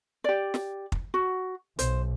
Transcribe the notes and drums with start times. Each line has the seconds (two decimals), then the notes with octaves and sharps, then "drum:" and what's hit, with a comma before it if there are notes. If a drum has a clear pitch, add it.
0.24 G4 D5
0.54 drum: snare
0.92 drum: kick
1.14 F#4
1.79 B1 C5, drum: hi-hat